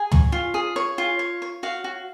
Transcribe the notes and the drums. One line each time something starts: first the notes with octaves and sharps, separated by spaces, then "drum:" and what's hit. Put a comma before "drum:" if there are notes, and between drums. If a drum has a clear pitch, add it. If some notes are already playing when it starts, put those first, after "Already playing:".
Already playing: G#4 G#5
C#5, drum: tom
F4
G#4
C#5
F4
C#5
C#5
F#4 F5
F#4